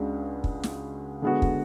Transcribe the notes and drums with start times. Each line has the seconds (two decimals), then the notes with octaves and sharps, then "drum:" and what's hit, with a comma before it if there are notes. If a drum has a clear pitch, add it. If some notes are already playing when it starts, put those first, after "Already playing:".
Already playing: C#2 C#3 G#3 D4 F#4
0.44 drum: kick
0.63 drum: snare
1.22 D3 G#3 B3 F#4
1.42 drum: kick